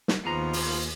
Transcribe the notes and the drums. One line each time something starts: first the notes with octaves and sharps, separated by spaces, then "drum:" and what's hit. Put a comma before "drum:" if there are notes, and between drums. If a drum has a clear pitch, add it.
drum: snare
D#2 B2 F3 B3 F4 G#4 A#5
drum: open hi-hat